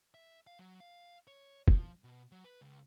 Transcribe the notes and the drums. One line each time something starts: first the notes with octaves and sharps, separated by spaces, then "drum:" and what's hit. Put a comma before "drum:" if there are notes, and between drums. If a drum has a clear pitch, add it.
E5
F5
F#3
F5
C#5
F3, drum: kick
B2
F#3
B4
C#2